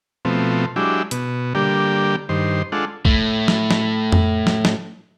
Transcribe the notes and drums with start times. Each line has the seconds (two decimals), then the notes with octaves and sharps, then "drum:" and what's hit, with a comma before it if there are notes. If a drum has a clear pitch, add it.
0.25 B2 F3 A3 C4
0.76 F#3 G#3 D4 E4 G4
1.11 B2, drum: hi-hat
1.55 D3 G3 A#3 G4
2.29 G2 D#3 C5
2.72 G#3 D4 F4 A4 F#5
3.05 A2 A3, drum: kick A#1
3.48 drum: snare
3.71 drum: snare
4.12 drum: tom F2
4.47 drum: snare
4.65 drum: snare